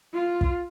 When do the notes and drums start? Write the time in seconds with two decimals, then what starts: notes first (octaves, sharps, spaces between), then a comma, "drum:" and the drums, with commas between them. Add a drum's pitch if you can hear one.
0.14 F4
0.41 drum: kick